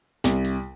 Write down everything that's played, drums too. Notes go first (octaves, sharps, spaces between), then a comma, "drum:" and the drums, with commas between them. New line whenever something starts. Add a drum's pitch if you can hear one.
C2, drum: snare
drum: open hi-hat